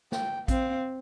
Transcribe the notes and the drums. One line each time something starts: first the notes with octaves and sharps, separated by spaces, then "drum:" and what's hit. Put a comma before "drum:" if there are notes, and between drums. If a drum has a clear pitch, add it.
G5, drum: snare
C4 F5, drum: kick A1, hi-hat